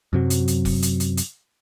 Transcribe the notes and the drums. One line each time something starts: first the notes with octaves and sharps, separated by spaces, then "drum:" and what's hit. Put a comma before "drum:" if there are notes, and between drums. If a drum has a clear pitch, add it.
F#2 C3 F#3
drum: hi-hat
drum: hi-hat
drum: kick, open hi-hat
drum: hi-hat
drum: hi-hat
drum: hi-hat